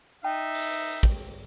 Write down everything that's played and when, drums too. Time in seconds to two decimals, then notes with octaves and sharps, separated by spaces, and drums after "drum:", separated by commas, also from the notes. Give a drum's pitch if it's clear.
0.25 D#4 E5 G5
0.54 drum: open hi-hat
1.03 drum: kick